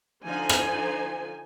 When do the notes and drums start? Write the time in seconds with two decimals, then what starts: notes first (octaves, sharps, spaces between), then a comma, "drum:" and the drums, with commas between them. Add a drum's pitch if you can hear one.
0.24 D3 F3 D#4 C5 G#5
0.49 drum: rim click